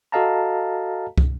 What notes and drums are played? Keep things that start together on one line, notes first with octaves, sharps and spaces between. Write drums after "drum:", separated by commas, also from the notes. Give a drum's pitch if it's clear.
F#4 A4 D#5 F5 A5 A#5
drum: kick